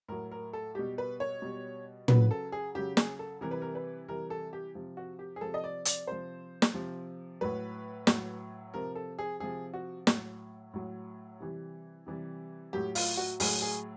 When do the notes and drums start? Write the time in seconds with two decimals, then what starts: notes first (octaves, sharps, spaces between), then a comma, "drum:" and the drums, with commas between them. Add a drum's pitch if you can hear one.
0.08 A2 F#3 A#4
0.31 A#4
0.53 A4
0.75 B2 G3 G4
0.98 B4
1.20 C#5
1.42 B2 G3
2.08 C#3 F#3 B4, drum: tom
2.31 A4
2.52 G#4
2.75 C#3 F#3 G4
2.97 G#4, drum: snare
3.19 A4
3.41 C3 E3 G3 A#4
3.51 B4
3.62 A#4
3.75 B4
4.08 C3 E3 G3 A#4
4.30 A4
4.53 G4
4.75 C3 F3
4.97 F#4
5.19 G4
5.36 G#4
5.41 C3 F3 A4
5.54 D#5
5.64 D5
5.85 D5, drum: hi-hat
6.07 C3 F3 C5
6.62 drum: snare
6.74 C3 F3
7.41 A2 F#3 B4
8.07 A2 F#3, drum: snare
8.74 C3 F3 A#4
8.95 A4
9.19 G#4
9.40 C3 F3 G#4
9.74 F#4
10.07 A2 F#3, drum: snare
10.74 A2 F#3
11.40 C3 E3 G3
12.07 C3 E3 G3
12.73 A2 F#3 G4
12.95 F4, drum: open hi-hat
13.17 F#4
13.40 A2 F#3 G#4, drum: open hi-hat
13.62 G#4